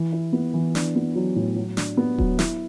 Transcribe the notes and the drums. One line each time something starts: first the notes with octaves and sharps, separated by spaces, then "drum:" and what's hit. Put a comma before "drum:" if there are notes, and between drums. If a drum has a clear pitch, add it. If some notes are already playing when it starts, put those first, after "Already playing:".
Already playing: E3
E4
B3
E3
D4, drum: snare
B3
F#3
A2
F#3
D4, drum: snare
B3
F#3, drum: kick D#1
E4, drum: snare